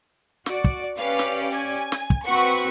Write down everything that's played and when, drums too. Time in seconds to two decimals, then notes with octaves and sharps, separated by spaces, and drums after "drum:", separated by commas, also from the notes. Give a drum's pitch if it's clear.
0.46 F#4 D5, drum: snare
0.64 drum: kick
0.98 C#4 G4 B4 D5 F5
1.19 drum: snare
1.52 G#5
1.92 drum: snare
2.10 drum: kick
2.25 C4 F#4 B4 F#5 C#6